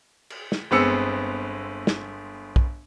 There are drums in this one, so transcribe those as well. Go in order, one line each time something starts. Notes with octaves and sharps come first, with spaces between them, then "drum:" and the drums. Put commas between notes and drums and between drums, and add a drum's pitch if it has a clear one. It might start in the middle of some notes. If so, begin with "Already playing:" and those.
drum: cymbal
drum: snare
G1 G#3 B3 C4 E6 C#7
drum: snare
drum: kick